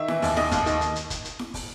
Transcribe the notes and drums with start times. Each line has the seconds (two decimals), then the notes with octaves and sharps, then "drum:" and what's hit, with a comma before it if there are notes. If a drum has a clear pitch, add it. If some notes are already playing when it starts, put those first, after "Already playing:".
Already playing: D#3 E5
0.08 E3, drum: snare E4
0.22 D#2, drum: open hi-hat
0.37 D#3 D#5, drum: snare E4
0.51 D#2, drum: kick, hi-hat
0.66 D#3, drum: hi-hat
0.81 drum: hi-hat
0.96 drum: hi-hat
1.10 drum: kick, hi-hat
1.25 drum: hi-hat
1.39 drum: snare E4
1.54 drum: kick, open hi-hat